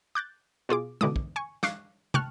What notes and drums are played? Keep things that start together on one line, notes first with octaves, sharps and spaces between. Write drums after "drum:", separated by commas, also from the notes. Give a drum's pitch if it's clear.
D6 F#6 G6 A6
B2 F4 G#4 D6
B2 D3 E3 D6 D#6, drum: tom
drum: kick
G#5 C#6
F5 C#6 D6 F#6 C7, drum: snare
G5 A5 C#6 F6 F#6, drum: tom